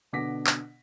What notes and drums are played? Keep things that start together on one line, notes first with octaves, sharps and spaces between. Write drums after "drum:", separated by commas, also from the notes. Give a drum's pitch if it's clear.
B2 D3 F#5 D6 A#6 B6
drum: clap